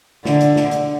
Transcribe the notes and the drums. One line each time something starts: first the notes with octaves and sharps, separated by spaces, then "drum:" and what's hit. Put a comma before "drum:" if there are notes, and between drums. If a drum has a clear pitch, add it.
D3, drum: snare
drum: hi-hat
drum: snare
drum: hi-hat